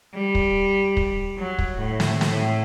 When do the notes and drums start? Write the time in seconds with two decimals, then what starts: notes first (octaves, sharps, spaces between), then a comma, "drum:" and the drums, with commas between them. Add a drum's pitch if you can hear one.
0.14 G3
0.35 drum: kick
0.97 drum: kick
1.38 F#3
1.59 drum: kick
1.79 A2
2.00 drum: snare
2.21 A2, drum: snare